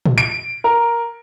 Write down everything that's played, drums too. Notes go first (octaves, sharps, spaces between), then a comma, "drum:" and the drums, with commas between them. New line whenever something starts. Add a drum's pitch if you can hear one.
drum: tom A#2
D7
A#4